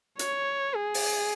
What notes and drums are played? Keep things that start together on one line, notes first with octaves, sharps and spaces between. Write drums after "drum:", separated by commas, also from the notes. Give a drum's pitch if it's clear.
C#5, drum: hi-hat
G#4
drum: open hi-hat